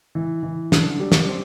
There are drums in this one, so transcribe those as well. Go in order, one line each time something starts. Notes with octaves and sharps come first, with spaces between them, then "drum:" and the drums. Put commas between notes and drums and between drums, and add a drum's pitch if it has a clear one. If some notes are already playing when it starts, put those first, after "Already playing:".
E3
E3
D3, drum: snare
G3
drum: snare
C4